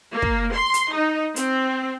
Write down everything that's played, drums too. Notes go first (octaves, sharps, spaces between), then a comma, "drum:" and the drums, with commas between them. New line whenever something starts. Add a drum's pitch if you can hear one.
A#3
drum: kick
C6
drum: hi-hat
D#4
C4, drum: hi-hat